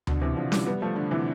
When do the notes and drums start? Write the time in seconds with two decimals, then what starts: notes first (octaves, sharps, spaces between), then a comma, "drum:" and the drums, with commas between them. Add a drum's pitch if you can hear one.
0.07 B2 D3, drum: tom D2
0.22 C3 E3
0.36 D3 F3
0.52 E3 G3, drum: snare C#4
0.66 G3 B3
0.82 F3 A3
0.96 D3 F3
1.11 C3 E3